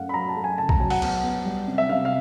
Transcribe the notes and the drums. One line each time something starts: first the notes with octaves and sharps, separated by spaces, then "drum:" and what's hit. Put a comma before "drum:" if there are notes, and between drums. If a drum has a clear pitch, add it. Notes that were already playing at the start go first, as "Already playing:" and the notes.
Already playing: F#2 A3 F5 F#5
B5
F#3 A#5
A5
A3
G#5
C#3 A5
A#5, drum: kick
F#3 G#5
F#5, drum: open hi-hat
B3, drum: cymbal
B3
G3
C3
E5
C3 F5
F5